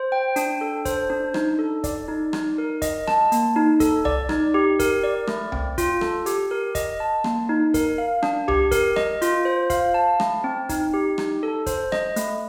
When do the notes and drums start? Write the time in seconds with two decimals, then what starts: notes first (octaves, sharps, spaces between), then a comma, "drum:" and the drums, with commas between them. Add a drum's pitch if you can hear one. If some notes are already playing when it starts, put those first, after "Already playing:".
Already playing: C5
0.12 G5
0.36 D4, drum: hi-hat
0.61 A4
0.85 C5, drum: kick, hi-hat
1.10 D4
1.34 D#4, drum: rim click
1.59 A4
1.84 D5, drum: kick, hi-hat
2.08 D#4
2.33 D#4, drum: rim click
2.58 A#4
2.82 D#5, drum: kick, hi-hat
3.07 A5, drum: rim click
3.32 A#3, drum: hi-hat
3.56 D#4
3.80 A4, drum: kick, hi-hat
4.05 D5, drum: tom C2
4.29 D#4, drum: rim click
4.54 G4
4.79 A#4, drum: kick, hi-hat
5.04 D5
5.27 A3, drum: rim click
5.52 C4, drum: tom C2
5.78 F4, drum: kick, hi-hat
6.01 A4, drum: rim click
6.26 G4, drum: hi-hat
6.51 A#4
6.75 D#5, drum: kick, hi-hat
7.00 A5
7.24 A#3, drum: rim click
7.49 D#4
7.74 A#4, drum: kick, hi-hat
7.98 F5
8.23 D4, drum: rim click
8.48 G4, drum: tom C2
8.71 A#4, drum: kick, hi-hat
8.96 D#5, drum: rim click
9.22 F4, drum: hi-hat
9.45 C5
9.70 F5, drum: kick, hi-hat
9.94 A5
10.20 A3, drum: rim click
10.44 C4
10.69 D#4, drum: kick, hi-hat
10.94 G4
11.18 D#4, drum: rim click
11.43 A4
11.66 C5, drum: kick, hi-hat
11.92 D#5, drum: rim click
12.16 A3, drum: hi-hat